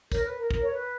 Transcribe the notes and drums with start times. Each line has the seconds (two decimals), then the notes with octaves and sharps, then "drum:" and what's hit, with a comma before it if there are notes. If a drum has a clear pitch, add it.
0.12 A#4 C#5, drum: kick, tambourine
0.24 B4
0.38 A#4
0.51 A#4, drum: kick
0.61 C#5
0.70 B4